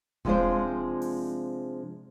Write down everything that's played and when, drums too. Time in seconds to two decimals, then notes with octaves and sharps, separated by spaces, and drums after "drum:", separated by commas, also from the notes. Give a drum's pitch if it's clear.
0.25 C3 F3 G#3 D4 F4 C5, drum: kick E1
1.02 drum: open hi-hat